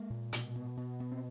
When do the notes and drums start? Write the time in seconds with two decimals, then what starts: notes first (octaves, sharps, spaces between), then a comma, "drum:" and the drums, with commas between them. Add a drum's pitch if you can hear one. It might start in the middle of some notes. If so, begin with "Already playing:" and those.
Already playing: G#3 A#3
0.10 A#2
0.33 B2, drum: hi-hat
0.55 B2
0.77 B2
1.00 B2
1.12 C4